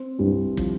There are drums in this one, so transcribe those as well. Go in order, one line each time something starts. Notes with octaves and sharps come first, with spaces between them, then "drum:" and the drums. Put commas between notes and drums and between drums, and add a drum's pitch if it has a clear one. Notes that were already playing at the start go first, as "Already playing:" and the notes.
Already playing: C4
C2 G2
F3, drum: kick